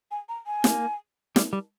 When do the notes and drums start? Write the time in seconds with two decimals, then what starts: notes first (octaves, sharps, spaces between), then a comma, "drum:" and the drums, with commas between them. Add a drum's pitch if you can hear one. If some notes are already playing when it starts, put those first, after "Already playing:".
0.11 G#5
0.29 A#5
0.47 G#5
0.64 A#3, drum: snare
1.36 G3, drum: snare
1.53 G3